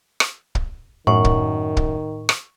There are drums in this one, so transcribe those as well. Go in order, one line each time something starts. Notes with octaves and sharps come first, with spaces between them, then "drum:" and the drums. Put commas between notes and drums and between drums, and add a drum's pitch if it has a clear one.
drum: rim click
drum: kick
F#2 A2 D#3 C#6
drum: kick
drum: kick
drum: rim click